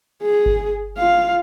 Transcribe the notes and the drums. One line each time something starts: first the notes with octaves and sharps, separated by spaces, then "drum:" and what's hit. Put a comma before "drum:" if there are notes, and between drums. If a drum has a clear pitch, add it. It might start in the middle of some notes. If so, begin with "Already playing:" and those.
G#4
drum: kick G1
F4 F5